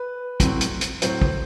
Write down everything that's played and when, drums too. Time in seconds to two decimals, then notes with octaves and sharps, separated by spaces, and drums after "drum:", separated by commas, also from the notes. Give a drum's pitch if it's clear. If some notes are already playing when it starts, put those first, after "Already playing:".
Already playing: B4
0.40 A2 F#3 C4, drum: kick, hi-hat
0.61 drum: hi-hat
0.81 drum: hi-hat
1.02 A2 F#3 C4 C5, drum: hi-hat
1.21 drum: kick